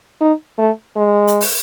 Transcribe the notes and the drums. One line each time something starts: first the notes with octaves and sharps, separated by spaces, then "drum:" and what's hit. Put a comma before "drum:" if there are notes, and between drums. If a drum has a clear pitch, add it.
D#4
A3
G#3
drum: hi-hat
drum: open hi-hat